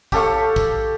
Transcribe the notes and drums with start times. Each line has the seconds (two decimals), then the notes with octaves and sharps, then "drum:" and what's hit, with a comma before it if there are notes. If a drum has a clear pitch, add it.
0.12 G4 A4 F5 C#6, drum: kick, tambourine
0.56 drum: kick, tambourine